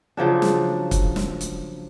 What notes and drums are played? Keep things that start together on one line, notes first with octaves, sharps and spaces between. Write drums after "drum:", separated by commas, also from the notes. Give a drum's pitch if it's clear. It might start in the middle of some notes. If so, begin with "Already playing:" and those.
C#3 F3 F#3 D4
drum: snare
drum: kick, hi-hat
drum: snare
drum: hi-hat